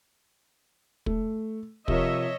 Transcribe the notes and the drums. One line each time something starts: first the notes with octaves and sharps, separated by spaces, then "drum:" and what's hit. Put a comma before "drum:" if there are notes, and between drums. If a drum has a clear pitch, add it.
A3, drum: kick
C3 F3 A#4 C#5 D#5 E5, drum: kick